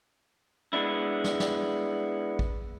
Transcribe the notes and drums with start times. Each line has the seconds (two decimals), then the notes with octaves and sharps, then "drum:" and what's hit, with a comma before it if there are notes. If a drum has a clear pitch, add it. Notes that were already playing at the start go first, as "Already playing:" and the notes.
0.73 G#3 B3 D4 E4
1.24 drum: snare
1.40 drum: snare
2.39 drum: kick